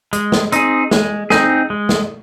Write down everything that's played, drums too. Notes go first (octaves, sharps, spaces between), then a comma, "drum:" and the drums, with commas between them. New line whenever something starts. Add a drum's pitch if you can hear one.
G#3, drum: hi-hat
drum: snare
C4 D#4 G#4, drum: hi-hat
G#3, drum: snare
C4 D#4 G#4, drum: snare
G#3
drum: snare